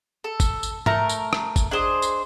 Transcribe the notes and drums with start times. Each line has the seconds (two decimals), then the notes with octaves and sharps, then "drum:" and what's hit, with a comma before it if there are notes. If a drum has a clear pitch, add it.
0.24 A4
0.40 drum: kick G#1, tambourine
0.63 drum: tambourine
0.86 A3 A#4 A5 A#5, drum: tom
1.09 drum: tambourine
1.33 drum: rim click
1.56 drum: kick G#1, tambourine
1.71 D4 G#4 C5 D#5
2.02 drum: tambourine